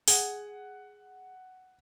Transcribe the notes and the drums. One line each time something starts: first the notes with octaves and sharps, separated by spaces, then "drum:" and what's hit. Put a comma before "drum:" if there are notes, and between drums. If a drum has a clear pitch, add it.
G#4 F#5, drum: open hi-hat